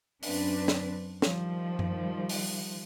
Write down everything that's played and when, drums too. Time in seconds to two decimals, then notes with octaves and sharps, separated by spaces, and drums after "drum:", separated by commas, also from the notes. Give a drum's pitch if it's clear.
0.23 F#2 C4 D4 B4, drum: open hi-hat
0.68 drum: snare
1.22 D#3 F3 G3, drum: snare
1.79 drum: tom F#2
2.29 drum: open hi-hat